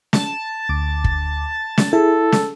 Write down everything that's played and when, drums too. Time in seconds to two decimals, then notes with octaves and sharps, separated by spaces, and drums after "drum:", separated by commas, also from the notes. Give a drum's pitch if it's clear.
0.13 A5, drum: snare
0.69 D2 D6
1.04 drum: kick
1.78 drum: snare
1.93 E4 G#4 A4
2.32 drum: snare